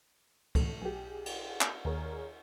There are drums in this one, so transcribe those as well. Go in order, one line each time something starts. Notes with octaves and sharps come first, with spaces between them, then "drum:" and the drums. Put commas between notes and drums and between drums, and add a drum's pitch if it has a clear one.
A3, drum: kick C#2, cymbal
B1 G4 G#4
drum: cymbal
drum: clap
D#2 G#4 A#4 C#5